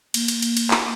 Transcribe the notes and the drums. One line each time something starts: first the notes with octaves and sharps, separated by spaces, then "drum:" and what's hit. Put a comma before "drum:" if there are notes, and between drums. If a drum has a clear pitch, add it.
A#3, drum: cymbal
drum: cymbal
drum: cymbal
drum: cymbal
drum: clap